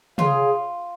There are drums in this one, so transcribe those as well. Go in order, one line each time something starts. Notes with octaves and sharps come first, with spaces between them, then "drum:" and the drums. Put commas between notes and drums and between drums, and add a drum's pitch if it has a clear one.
F4 G#4 C#5 F5, drum: tom